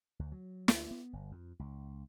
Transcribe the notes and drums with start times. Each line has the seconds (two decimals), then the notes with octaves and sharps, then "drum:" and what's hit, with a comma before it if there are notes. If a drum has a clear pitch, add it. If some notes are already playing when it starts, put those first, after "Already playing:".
0.19 D2
0.32 F#3
0.68 D2, drum: snare
0.91 B3
1.13 G1
1.31 F2
1.59 C#2